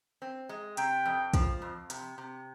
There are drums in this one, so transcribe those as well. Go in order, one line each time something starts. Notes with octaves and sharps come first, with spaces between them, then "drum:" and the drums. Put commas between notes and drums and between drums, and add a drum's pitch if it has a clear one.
C4
G#3
C3 G5, drum: hi-hat
F2
F3, drum: kick, hi-hat
F2
C3, drum: hi-hat
C3